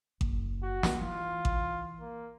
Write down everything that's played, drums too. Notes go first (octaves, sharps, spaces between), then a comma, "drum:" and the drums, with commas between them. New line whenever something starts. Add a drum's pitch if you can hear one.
F#1, drum: kick A1
F#4
drum: snare
E3 F4
drum: kick A1
A#3